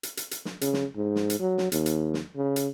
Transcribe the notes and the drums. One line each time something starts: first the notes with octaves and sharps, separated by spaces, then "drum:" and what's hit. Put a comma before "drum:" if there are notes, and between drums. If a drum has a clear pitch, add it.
drum: hi-hat
drum: hi-hat
drum: hi-hat
drum: snare
C#3, drum: hi-hat
drum: snare
G#2
drum: snare
drum: hi-hat
F#3
drum: snare
D#2, drum: hi-hat
drum: hi-hat
drum: snare
C#3
drum: hi-hat